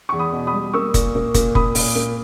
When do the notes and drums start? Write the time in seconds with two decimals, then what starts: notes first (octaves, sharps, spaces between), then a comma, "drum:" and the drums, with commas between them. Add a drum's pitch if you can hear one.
0.09 E2 C#6
0.19 B5 D#6
0.32 B2
0.47 B5 D#6
0.53 G3
0.73 A#3 C#6 E6
0.94 A#2, drum: kick, hi-hat
1.15 A#3
1.34 A#2, drum: kick, hi-hat
1.55 A#3 B5 D#6, drum: kick
1.75 A#2, drum: open hi-hat
1.95 A#3